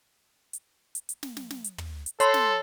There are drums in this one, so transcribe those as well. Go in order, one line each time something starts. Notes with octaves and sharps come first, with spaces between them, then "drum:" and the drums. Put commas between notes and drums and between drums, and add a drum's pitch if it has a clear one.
drum: hi-hat
drum: hi-hat
drum: hi-hat
drum: snare
drum: snare
drum: snare
drum: hi-hat
drum: tom
drum: hi-hat
A4 C#5 C6, drum: hi-hat
drum: snare